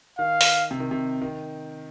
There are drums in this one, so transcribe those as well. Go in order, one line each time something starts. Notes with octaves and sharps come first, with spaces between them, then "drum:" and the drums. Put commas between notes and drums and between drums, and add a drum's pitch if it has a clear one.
D#3 F5
drum: open hi-hat
C3
D#3
C3
D#3